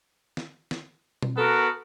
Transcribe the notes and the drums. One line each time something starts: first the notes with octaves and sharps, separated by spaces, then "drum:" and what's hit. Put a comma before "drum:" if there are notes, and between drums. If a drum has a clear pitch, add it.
drum: snare
drum: snare
drum: tom B2
B3 F#4 A4 A#4